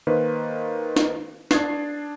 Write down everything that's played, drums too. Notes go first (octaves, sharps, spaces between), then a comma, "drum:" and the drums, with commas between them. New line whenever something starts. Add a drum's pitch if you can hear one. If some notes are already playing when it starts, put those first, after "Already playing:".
D#3 A#3 B4 C5
drum: snare
D4 D#6 G#6 A6 C7, drum: snare